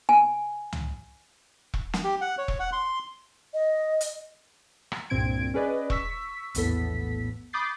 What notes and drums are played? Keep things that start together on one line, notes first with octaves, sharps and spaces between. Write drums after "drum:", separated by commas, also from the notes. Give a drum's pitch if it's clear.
G#5
drum: tom
drum: kick E1
drum: snare
G4
F#5
C#5
drum: kick E1
F#5
C6
D#5
drum: hi-hat
drum: rim click
C2 G2 A#2 C4 G#6 D7
C#4 G#4 B4 D5 D#5
C#6 E6 B6, drum: kick E1
A#1 E2 A2 B3 A4 B6, drum: hi-hat
B5 D6 D#6 G6 A6 C7